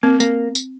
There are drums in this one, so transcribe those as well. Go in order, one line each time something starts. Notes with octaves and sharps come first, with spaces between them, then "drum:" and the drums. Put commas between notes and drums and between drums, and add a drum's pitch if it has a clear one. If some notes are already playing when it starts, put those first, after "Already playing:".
A#3 C4
A#3, drum: tambourine
drum: tambourine